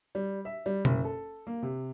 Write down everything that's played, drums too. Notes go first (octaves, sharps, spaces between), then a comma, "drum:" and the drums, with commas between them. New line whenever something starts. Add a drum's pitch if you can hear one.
G3
E5
G3
F#1, drum: tom B2
A4
A#3
C3